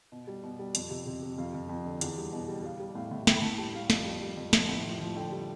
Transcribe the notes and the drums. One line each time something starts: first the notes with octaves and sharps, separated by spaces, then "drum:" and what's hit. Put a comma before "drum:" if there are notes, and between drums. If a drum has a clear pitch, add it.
B2
G3
B2
G3
F2, drum: hi-hat
C3
C3
C3
F2 F5
F2
F2
D3
E2, drum: hi-hat
G3
B2
G3
G3 F5
G3
A2 F5
A2
A2 G5, drum: snare
B5
A2 A5
G3 A5
G3 F5
F2 F5, drum: snare
G3
G3
F2
F3, drum: snare
A2
F3
F3
D3 G5
G3